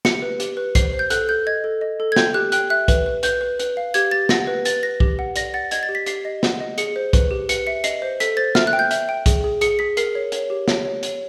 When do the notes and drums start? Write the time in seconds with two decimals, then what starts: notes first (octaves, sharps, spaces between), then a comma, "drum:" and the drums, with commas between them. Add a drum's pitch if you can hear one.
0.05 G4 C#7, drum: snare
0.22 B4
0.40 G4, drum: hi-hat
0.57 B4
0.75 C5 C7, drum: kick B1, hi-hat
0.93 C5
0.99 G6
1.10 A4 F#6, drum: hi-hat
1.29 A4 G6
1.47 D#5 G#6
1.64 A4
1.81 D#5
2.00 A4
2.12 G#6
2.16 G5 G6, drum: snare
2.34 G4 F#6
2.52 G5 F#6, drum: hi-hat
2.70 E5 F#6
2.88 B4, drum: kick B1, hi-hat
3.06 B4
3.23 B4 G6, drum: hi-hat
3.41 B4
3.59 B4, drum: hi-hat
3.77 F5
3.94 G4 G#6, drum: hi-hat
4.11 G4 A6
4.29 F#5 A#6, drum: snare
4.47 B4
4.65 B4 A6, drum: hi-hat
4.83 B4 A#6
5.00 G4, drum: kick B1
5.19 F#5
5.36 D5 A#6, drum: hi-hat
5.54 F#5 A6
5.71 D#5 G#6, drum: hi-hat
5.83 A6
5.89 G4
5.95 B6
6.06 G4 C7, drum: hi-hat
6.25 D#5
6.43 F#5, drum: snare
6.60 D#5
6.78 G#4 C#7, drum: hi-hat
6.96 C5
7.13 B4, drum: kick B1, hi-hat
7.31 G4
7.49 B4 C#7, drum: hi-hat
7.67 E5 C#7
7.84 D#5 C7, drum: hi-hat
8.02 C5
8.20 A4 B6, drum: hi-hat
8.37 C5 A6
8.55 E5 F6, drum: snare
8.67 F#6
8.73 G5
8.79 G6
8.91 E5, drum: hi-hat
9.09 G5
9.26 G#4, drum: kick B1, hi-hat
9.44 G#4
9.61 G#4 C#7, drum: hi-hat
9.79 G#4 B6
9.97 A#4 C7, drum: hi-hat
10.15 C#5
10.32 C#5, drum: hi-hat
10.50 G4
10.68 C#5, drum: snare
10.85 C#5
11.03 C#5, drum: hi-hat